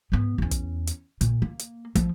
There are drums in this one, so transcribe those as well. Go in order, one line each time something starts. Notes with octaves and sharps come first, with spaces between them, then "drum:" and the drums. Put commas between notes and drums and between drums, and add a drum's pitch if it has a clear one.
G#2 B3
E2 C#4
drum: kick, hi-hat
drum: hi-hat
A#2, drum: kick, hi-hat
A#3
drum: hi-hat
F3, drum: kick, hi-hat